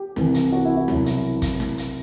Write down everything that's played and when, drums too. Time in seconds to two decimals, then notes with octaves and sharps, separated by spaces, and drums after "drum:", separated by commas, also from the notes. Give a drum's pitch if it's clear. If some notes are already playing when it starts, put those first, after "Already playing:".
Already playing: G4
0.16 C2 C3 E3, drum: snare
0.34 drum: hi-hat
0.52 F#4
0.65 E4
0.76 E4
0.88 C2 B2 F#3, drum: snare
1.06 drum: hi-hat
1.42 drum: kick, hi-hat
1.60 drum: snare
1.78 drum: hi-hat